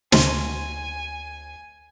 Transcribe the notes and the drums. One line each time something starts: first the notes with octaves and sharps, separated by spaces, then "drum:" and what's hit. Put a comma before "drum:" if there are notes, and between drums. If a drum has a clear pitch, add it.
D2 B2 C#4 F#4 G#5 C6, drum: snare